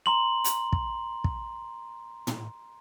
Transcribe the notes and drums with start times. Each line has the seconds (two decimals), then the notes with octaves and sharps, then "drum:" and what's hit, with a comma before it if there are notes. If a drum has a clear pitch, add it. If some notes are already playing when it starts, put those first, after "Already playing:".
0.06 A#5 C6 F#7
0.44 drum: hi-hat
0.73 drum: kick
1.24 drum: kick
2.27 drum: tom